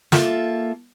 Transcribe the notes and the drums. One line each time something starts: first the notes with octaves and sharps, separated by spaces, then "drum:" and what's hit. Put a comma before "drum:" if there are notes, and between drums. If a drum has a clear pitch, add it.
A#3 F4 A4 E5, drum: snare